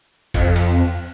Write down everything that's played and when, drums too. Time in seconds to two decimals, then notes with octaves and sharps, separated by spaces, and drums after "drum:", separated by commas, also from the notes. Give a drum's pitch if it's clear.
0.34 F2, drum: kick, cymbal
0.56 drum: cymbal